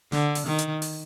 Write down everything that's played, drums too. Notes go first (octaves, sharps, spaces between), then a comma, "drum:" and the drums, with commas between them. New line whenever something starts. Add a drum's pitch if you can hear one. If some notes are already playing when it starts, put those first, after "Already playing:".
D3, drum: snare
drum: open hi-hat
D#3
drum: hi-hat
drum: open hi-hat